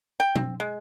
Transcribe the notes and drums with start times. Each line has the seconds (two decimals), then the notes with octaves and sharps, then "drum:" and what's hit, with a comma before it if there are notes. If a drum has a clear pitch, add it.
0.20 G5
0.36 C4, drum: tom B2
0.60 G#3